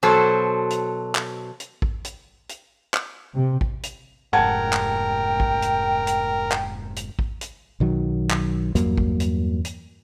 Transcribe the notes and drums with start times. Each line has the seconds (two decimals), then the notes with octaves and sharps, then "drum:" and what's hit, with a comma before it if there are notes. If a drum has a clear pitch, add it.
0.03 B2 F#3 A4 C5
0.70 drum: hi-hat
1.15 drum: clap
1.60 drum: hi-hat
1.82 drum: kick
2.04 drum: hi-hat
2.49 drum: hi-hat
2.94 drum: clap
3.34 C3
3.61 drum: kick
3.83 drum: hi-hat
4.33 F1 G#2 A#4 F#5 G5 A5 G#6
4.73 drum: clap
5.40 drum: kick
5.62 drum: hi-hat
6.07 drum: hi-hat
6.52 drum: clap
6.96 drum: hi-hat
7.19 drum: kick
7.41 drum: hi-hat
7.80 B1 D#3 F#3
8.30 drum: clap
8.75 E2 G2 F#3 A#3, drum: hi-hat
8.98 drum: kick
9.20 drum: hi-hat
9.65 drum: hi-hat